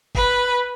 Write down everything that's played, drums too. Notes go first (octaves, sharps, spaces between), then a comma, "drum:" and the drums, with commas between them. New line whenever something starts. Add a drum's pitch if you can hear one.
B4, drum: kick